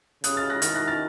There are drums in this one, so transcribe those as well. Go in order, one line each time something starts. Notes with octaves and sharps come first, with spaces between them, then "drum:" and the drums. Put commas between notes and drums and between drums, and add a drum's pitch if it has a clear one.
C#3 D#6 F#6, drum: hi-hat
F6 A6
F#6 A#6
D#3 F6 A6, drum: hi-hat
F#6 A#6
F6 A6